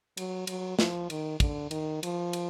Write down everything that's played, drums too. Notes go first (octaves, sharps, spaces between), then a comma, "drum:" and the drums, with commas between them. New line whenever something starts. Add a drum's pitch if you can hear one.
F#3, drum: cymbal
F#3, drum: cymbal
F3, drum: snare
D#3, drum: cymbal
D3, drum: kick, cymbal
D#3, drum: cymbal
F3, drum: cymbal
drum: cymbal